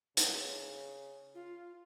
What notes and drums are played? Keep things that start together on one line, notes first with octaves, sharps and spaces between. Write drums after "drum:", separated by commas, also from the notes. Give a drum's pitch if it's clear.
C#3, drum: hi-hat
F4